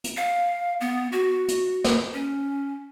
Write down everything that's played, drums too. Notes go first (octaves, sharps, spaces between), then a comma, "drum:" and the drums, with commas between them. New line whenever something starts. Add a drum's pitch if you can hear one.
drum: hi-hat
F5
B3
F#4
drum: hi-hat
drum: snare
C#4